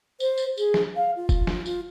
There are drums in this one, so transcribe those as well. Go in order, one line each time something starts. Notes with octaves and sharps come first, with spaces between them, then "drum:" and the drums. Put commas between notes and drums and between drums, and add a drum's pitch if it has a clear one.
C5, drum: tambourine
drum: tambourine
G#4, drum: tambourine
drum: snare
F5
F4
drum: kick, tambourine
drum: snare
F4, drum: tambourine